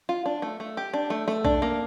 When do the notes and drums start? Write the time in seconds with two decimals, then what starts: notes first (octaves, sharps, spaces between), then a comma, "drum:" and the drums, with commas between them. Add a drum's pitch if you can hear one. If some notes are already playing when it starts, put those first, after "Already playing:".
0.09 F4
0.26 D4
0.42 A3
0.60 A3
0.77 G4
0.94 D4
1.10 A3
1.28 A3
1.45 D4, drum: kick B1
1.62 A#3